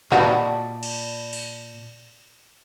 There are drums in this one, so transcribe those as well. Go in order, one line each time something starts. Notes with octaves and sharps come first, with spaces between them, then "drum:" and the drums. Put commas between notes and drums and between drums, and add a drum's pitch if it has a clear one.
A#2 D#4 F#4 G4 D5 A5 B5, drum: clap
drum: cymbal
drum: open hi-hat